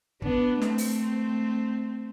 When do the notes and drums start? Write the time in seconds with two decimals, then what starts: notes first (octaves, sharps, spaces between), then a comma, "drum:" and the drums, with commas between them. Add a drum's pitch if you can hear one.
0.22 B3 D4, drum: kick
0.62 A3 C4, drum: snare
0.78 drum: open hi-hat